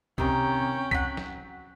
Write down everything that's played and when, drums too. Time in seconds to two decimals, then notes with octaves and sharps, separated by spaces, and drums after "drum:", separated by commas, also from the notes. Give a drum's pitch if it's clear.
0.18 C3 D#3 C#4 A#4 G5, drum: kick
0.91 F#3 F#5 B6, drum: kick
1.17 drum: snare